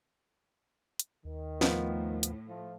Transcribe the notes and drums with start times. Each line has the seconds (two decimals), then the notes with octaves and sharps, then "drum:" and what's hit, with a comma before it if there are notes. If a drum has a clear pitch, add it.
1.00 drum: hi-hat
1.25 D#2 D#3
1.61 A2 F3 B3, drum: snare
2.23 drum: hi-hat
2.48 F3 A3 F4